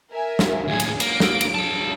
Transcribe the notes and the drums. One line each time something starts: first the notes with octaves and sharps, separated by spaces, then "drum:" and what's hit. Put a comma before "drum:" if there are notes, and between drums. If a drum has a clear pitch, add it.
A#4 E5 G#5
drum: snare
D#2 A2 G#4 G#6
drum: cymbal
A#3 D7, drum: cymbal
drum: snare
drum: cymbal
G#4 A5